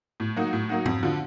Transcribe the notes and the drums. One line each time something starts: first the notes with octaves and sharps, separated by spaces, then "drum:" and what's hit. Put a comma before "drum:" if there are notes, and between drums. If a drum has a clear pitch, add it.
A2
F#3 A#3 D#4 F#4
A2
F#3 A#3 D#4 F#4
F2, drum: tom G#2
D3 F3